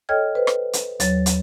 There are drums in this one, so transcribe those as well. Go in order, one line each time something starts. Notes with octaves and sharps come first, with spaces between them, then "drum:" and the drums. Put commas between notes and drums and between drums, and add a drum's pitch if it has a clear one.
A4 C#5 D#5 G5 F6 G#6
B4 C5
drum: rim click
drum: hi-hat
D#2 F#3 C#5 A6, drum: hi-hat
drum: hi-hat